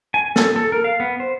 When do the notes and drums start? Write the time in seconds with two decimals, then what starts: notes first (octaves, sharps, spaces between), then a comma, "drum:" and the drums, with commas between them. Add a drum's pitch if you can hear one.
0.14 G#5
0.36 A4, drum: snare
0.56 A4
0.72 A#4
0.84 F5
1.00 B3
1.20 C5